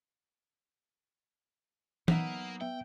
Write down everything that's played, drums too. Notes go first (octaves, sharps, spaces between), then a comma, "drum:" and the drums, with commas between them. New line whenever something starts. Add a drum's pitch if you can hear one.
F#3 A#3 B3 D#4 E5, drum: tom E3
B3 E5 G5